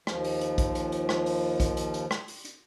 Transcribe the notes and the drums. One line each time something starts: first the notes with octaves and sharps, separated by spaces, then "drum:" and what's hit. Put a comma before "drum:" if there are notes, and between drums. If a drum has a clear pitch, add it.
D#2 F3, drum: rim click
drum: open hi-hat
drum: hi-hat
drum: kick B1, hi-hat
drum: hi-hat
drum: hi-hat
drum: rim click
drum: open hi-hat
drum: kick B1, hi-hat
drum: hi-hat
drum: hi-hat
drum: rim click
drum: open hi-hat
drum: hi-hat